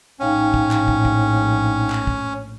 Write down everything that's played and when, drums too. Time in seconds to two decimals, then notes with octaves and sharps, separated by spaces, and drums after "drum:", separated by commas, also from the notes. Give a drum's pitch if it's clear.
0.20 A#1 A2 C#4 D#4 F5 G5
0.54 drum: kick
0.71 drum: clap
0.88 drum: kick
1.05 drum: kick
1.90 drum: clap
2.07 drum: kick